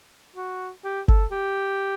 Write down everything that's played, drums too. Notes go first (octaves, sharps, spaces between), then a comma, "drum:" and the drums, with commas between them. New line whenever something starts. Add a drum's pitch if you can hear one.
F#4
G4
A4, drum: kick G1
G4